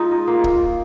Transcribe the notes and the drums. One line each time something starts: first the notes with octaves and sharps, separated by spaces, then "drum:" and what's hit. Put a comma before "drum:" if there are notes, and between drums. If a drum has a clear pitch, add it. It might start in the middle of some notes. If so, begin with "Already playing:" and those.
Already playing: G#3 D#4 F4
D#5
A#3
drum: kick